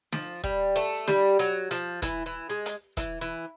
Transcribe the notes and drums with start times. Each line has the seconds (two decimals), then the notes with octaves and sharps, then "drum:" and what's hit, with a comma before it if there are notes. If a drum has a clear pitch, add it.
0.13 F3, drum: snare
0.44 G3, drum: kick
0.76 A3, drum: open hi-hat
1.08 G3, drum: snare
1.39 F#3, drum: hi-hat
1.71 F3, drum: hi-hat
2.02 E3, drum: kick, hi-hat
2.26 E3
2.50 G#3
2.66 drum: hi-hat
2.97 E3, drum: kick, hi-hat
3.21 E3